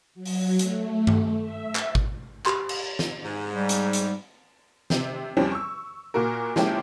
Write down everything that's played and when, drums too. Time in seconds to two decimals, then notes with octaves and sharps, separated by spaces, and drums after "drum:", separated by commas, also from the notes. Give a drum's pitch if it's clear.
0.14 F#3
0.25 drum: open hi-hat
0.59 A3, drum: hi-hat
1.07 drum: tom G2
1.40 E5
1.76 drum: clap
1.95 drum: kick G#1
2.46 G4 B5 C6, drum: clap
2.69 drum: cymbal
2.99 drum: snare
3.24 G#2
3.54 G3
3.69 drum: hi-hat
3.93 drum: hi-hat
4.90 C3 C4, drum: snare
5.37 E2 F3 G3 C4 C#4
5.52 C#6 E6
6.14 A#2 A#3 F#4 A#4
6.56 F3 G#3 A#3 C#4 E4 G4, drum: snare